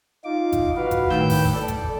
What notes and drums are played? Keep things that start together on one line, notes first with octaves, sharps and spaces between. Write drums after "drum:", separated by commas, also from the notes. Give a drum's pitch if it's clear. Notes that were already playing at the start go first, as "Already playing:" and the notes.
D#4 F4 D6
drum: kick G#1, hi-hat
F#4 B4 F5
drum: kick G#1, hi-hat
A2 D#3 B4 G5 E6 G6, drum: snare
drum: kick G#1, open hi-hat
A4 D5
drum: kick G#1, hi-hat